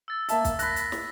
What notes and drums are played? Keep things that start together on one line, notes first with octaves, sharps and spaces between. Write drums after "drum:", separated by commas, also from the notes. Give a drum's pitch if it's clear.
E6 A6
A#3 E5 A5, drum: hi-hat
drum: kick, hi-hat
B5 F#6 A#6 B6, drum: hi-hat
drum: hi-hat
drum: snare